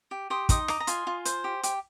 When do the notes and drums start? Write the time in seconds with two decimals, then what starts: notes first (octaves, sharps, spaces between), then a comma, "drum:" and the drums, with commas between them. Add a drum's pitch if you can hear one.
0.11 G4
0.30 G4 C6 D#6
0.49 D#4 C6 D#6, drum: kick, hi-hat
0.68 D#5 A#5 D6, drum: rim click
0.80 A#5
0.87 F4 G#5 C6, drum: hi-hat
1.07 F4
1.25 C5, drum: hi-hat
1.44 G4
1.63 G4, drum: hi-hat